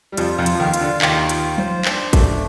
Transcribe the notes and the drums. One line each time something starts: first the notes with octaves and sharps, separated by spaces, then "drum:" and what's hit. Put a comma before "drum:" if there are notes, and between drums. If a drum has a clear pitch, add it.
G3
F2 F3 F4, drum: hi-hat
F2 F3
F5, drum: hi-hat
F3
D#2 D#3
F4, drum: hi-hat
D3
D#2 D#3 F4, drum: clap
F4, drum: hi-hat
C5, drum: tom F3
D4, drum: clap
A3, drum: kick, hi-hat